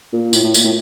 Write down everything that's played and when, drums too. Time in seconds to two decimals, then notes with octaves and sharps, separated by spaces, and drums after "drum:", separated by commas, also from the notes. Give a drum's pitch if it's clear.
0.12 A#2
0.33 A2, drum: tambourine
0.43 A2
0.54 A#2, drum: tambourine
0.65 A2